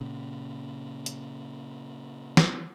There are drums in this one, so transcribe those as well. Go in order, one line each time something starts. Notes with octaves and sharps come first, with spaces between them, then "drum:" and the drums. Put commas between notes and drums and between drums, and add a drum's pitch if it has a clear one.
A#2 C#3
drum: hi-hat
drum: snare